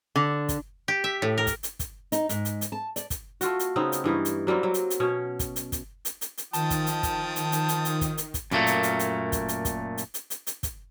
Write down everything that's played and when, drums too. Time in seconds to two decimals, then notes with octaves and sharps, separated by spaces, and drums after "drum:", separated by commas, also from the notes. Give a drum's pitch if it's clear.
0.16 D3
0.49 drum: kick, hi-hat
0.88 G4
1.04 E5
1.22 A2
1.38 A#4
1.47 drum: kick, hi-hat
1.63 drum: hi-hat
1.79 drum: kick, hi-hat
2.12 D#4, drum: hi-hat
2.29 G#2, drum: hi-hat
2.45 drum: hi-hat
2.61 drum: hi-hat
2.72 A5
2.96 D5, drum: hi-hat
3.10 drum: kick, hi-hat
3.41 A3 F4 F#4, drum: hi-hat
3.59 drum: hi-hat
3.76 C#3 B3 C4 D#4
3.92 drum: hi-hat
4.04 G2 E3 C#4 D#4
4.25 drum: hi-hat
4.47 F#3 G3 A#3 C4
4.63 F#3
4.74 drum: hi-hat
4.90 drum: hi-hat
5.00 B2 C#4 C#5
5.39 drum: kick, hi-hat
5.56 drum: hi-hat
5.72 drum: kick, hi-hat
6.05 drum: hi-hat
6.21 drum: hi-hat
6.38 drum: hi-hat
6.53 D#3 F3 G5 A5 D#6, drum: hi-hat
6.70 drum: kick, hi-hat
6.87 drum: hi-hat
7.03 drum: kick, hi-hat
7.36 drum: hi-hat
7.52 drum: hi-hat
7.68 drum: hi-hat
7.85 drum: hi-hat
8.01 drum: kick, hi-hat
8.18 drum: hi-hat
8.34 drum: kick, hi-hat
8.51 F#2 A#2 A3 A#3, drum: tom A#2
8.67 drum: hi-hat
8.83 drum: hi-hat
8.99 drum: hi-hat
9.32 drum: kick, hi-hat
9.48 drum: hi-hat
9.65 drum: kick, hi-hat
9.98 drum: hi-hat
10.14 drum: hi-hat
10.30 drum: hi-hat
10.47 drum: hi-hat
10.63 drum: kick, hi-hat